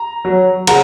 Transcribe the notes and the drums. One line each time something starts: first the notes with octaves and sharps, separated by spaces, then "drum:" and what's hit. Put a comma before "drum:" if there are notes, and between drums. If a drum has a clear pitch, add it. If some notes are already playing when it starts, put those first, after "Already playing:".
Already playing: A#5
F#3
C#3 F#5 A#5, drum: cymbal